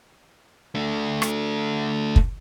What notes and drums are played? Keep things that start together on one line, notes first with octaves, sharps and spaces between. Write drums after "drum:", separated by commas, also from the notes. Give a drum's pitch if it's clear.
A3 D4
drum: rim click
drum: kick